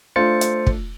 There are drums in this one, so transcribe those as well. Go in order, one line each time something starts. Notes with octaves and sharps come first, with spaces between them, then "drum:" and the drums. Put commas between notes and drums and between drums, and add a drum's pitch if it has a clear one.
A3 D4 F4 C5 A6 C#7
drum: hi-hat
drum: kick